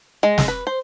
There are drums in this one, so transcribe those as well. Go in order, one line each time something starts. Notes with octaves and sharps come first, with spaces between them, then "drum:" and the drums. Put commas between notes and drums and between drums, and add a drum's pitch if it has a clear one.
G#3
drum: snare
B4
C5